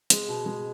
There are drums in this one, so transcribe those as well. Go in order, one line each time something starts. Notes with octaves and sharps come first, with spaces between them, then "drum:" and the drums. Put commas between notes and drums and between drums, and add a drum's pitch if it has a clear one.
G#3, drum: hi-hat
B2
G#3